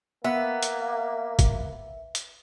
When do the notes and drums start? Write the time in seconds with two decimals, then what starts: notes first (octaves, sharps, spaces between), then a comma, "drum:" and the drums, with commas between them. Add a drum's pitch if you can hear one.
0.24 A#3 B3 E5
0.63 drum: hi-hat
1.39 drum: kick, hi-hat
2.15 drum: hi-hat